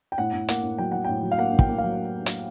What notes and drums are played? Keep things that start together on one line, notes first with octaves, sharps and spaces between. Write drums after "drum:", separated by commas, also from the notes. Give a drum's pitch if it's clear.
G5
A2 F#5
A2
A#3 F#5, drum: hi-hat
A2
F#3 G5
F#3 F#5
A2 G5
F#3
F5
A#3 F#5
A2
G5, drum: kick
A#3
F5
F#3
drum: hi-hat